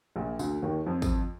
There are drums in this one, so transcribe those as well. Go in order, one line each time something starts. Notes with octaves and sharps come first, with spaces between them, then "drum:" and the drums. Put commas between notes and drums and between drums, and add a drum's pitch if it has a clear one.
A#1 A#2
D2 D3, drum: tambourine
D#2 D#3
F2 F3
drum: kick, tambourine